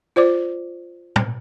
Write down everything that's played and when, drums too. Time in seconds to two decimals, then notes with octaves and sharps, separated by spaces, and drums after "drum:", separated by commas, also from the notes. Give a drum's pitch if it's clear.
0.16 F4 C5 D5 D6
1.16 drum: tom